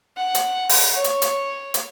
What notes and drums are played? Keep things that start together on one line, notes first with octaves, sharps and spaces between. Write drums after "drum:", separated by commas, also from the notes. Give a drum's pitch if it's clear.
F#5
drum: hi-hat
drum: open hi-hat
C#5
drum: hi-hat
drum: hi-hat
drum: hi-hat